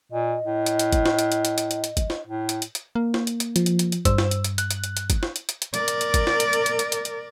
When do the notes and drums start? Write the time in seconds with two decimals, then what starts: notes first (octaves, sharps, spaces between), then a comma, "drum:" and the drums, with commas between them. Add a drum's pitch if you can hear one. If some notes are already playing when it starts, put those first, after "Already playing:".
0.12 A#2 D#5
0.44 A2
0.66 drum: hi-hat
0.79 drum: hi-hat
0.93 drum: kick, hi-hat
1.06 drum: snare
1.19 drum: hi-hat
1.32 drum: hi-hat
1.45 drum: hi-hat
1.58 drum: hi-hat
1.71 drum: hi-hat
1.84 drum: hi-hat
1.97 drum: kick, hi-hat
2.10 drum: snare
2.27 A2
2.49 drum: hi-hat
2.62 drum: hi-hat
2.75 drum: hi-hat
2.95 A#3
3.14 drum: snare
3.27 drum: hi-hat
3.40 drum: hi-hat
3.56 F3, drum: hi-hat
3.66 drum: hi-hat
3.79 drum: hi-hat
3.92 drum: hi-hat
4.05 G2 C5 E6, drum: kick, hi-hat
4.18 drum: snare
4.31 drum: hi-hat
4.44 drum: hi-hat
4.58 F#6, drum: hi-hat
4.71 drum: hi-hat
4.84 drum: hi-hat
4.97 drum: hi-hat
5.10 drum: kick, hi-hat
5.23 drum: snare
5.36 drum: hi-hat
5.49 drum: hi-hat
5.62 drum: hi-hat
5.74 A#4 D5, drum: hi-hat
5.88 drum: hi-hat
6.01 drum: hi-hat
6.14 drum: kick, hi-hat
6.27 drum: snare
6.40 drum: hi-hat
6.53 drum: hi-hat
6.66 drum: hi-hat
6.79 drum: hi-hat
6.92 drum: hi-hat
7.05 drum: hi-hat